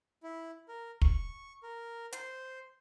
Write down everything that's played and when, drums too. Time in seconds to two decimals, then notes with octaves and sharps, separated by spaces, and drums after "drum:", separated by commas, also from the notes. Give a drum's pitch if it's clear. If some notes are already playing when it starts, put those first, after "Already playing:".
0.23 E4
0.68 A#4
1.02 C#6, drum: kick
1.63 A#4
2.13 C5, drum: hi-hat